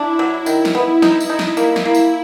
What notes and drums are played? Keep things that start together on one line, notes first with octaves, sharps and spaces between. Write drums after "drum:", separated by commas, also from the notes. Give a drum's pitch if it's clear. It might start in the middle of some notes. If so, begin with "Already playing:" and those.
Already playing: D4 E4
F#3
D#3, drum: tambourine
drum: snare
B3
D#4, drum: snare
drum: tambourine
D#4
drum: snare
A#3, drum: tambourine
drum: snare
A#3
drum: tambourine